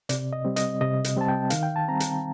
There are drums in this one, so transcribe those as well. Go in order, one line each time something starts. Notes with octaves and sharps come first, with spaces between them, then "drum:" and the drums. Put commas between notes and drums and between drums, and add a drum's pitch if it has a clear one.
C3 D5, drum: hi-hat
D#5
G3 C4
D#5, drum: hi-hat
C3 D#5
drum: hi-hat
G3 C4 A5
G5
D#3 F5, drum: hi-hat
G5
A5
G3 C4 A#5
drum: hi-hat